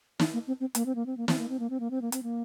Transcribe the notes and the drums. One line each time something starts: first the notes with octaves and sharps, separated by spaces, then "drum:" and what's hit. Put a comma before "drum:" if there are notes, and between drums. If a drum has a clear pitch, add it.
D#4, drum: snare
A#3
C4
C4
A#3, drum: hi-hat
C4
A#3
C4
A#3
C4, drum: snare
A#3
C4
A#3
C4
A#3
C4
A#3
C4, drum: hi-hat
A#3